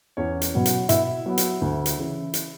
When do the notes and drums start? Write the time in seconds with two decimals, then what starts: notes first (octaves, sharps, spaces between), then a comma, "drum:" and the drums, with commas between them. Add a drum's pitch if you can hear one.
0.17 E2 C#4 C#5
0.42 drum: hi-hat
0.54 B2 F#3 B3
0.66 drum: hi-hat
0.89 B2 E4 E5, drum: hi-hat
1.26 F#3 B3
1.38 drum: hi-hat
1.62 D2
1.86 drum: hi-hat
1.98 C#3 E3
2.34 drum: hi-hat